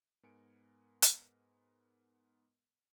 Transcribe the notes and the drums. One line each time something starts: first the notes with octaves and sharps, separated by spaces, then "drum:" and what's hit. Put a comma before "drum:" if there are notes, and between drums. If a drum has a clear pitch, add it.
G#2 B3 A#4 G#5 C#7 D7
drum: hi-hat